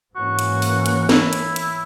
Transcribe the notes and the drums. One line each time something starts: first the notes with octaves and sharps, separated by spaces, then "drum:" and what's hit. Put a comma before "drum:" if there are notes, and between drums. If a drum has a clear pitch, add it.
G#2 E3 A#3 C#4 F#4
drum: hi-hat
drum: open hi-hat
drum: hi-hat
E4, drum: snare
drum: hi-hat
drum: hi-hat